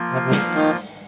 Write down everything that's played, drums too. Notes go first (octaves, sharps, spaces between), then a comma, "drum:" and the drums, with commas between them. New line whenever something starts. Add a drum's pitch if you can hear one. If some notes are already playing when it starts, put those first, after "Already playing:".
Already playing: F3 A#3 F4
C3
C3
C#3, drum: snare
D#3, drum: open hi-hat